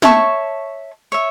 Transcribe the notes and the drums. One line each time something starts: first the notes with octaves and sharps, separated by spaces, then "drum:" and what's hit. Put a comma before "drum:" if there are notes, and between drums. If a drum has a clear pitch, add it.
C#5 E5 A5 C#6, drum: snare
C#5 E5